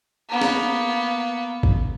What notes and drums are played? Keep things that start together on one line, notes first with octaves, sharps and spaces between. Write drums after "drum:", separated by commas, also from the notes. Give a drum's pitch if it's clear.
A#3 B3
drum: snare
drum: kick A1